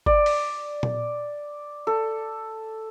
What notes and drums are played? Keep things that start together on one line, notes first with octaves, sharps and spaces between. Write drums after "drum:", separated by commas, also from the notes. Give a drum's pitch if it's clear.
D5, drum: kick G1
drum: open hi-hat
drum: tom A#2
A4